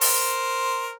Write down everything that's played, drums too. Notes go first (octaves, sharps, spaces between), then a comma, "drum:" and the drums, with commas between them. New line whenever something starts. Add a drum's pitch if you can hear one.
A#4 C5, drum: open hi-hat